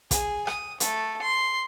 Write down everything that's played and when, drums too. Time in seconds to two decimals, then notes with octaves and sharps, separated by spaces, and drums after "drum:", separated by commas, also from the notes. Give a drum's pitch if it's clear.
0.11 G#4, drum: kick, hi-hat
0.47 D#6, drum: rim click
0.80 A3, drum: hi-hat
1.22 C6